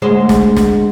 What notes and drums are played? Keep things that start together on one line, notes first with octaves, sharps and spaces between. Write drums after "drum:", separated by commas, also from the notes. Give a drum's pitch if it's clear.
D2 G#3 C5
drum: snare
drum: snare